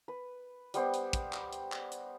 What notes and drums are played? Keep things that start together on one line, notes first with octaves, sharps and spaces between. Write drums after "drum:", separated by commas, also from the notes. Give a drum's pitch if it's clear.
B4
G3 B3 C5 G5, drum: hi-hat
drum: hi-hat
drum: kick, hi-hat
drum: clap
drum: hi-hat
drum: clap
drum: hi-hat